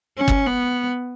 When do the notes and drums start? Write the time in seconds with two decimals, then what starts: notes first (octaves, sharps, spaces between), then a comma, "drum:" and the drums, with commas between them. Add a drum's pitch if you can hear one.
0.18 C#4
0.28 drum: kick
0.47 B3